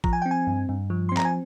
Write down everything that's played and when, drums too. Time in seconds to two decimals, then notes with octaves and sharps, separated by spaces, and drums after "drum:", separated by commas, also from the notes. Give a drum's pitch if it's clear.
0.04 F3 A#5, drum: kick
0.13 G#5
0.22 C4 G5
0.31 G#5
0.47 G2
0.69 G2
0.90 F3
1.09 C4 C6
1.17 A#5, drum: clap
1.25 G#5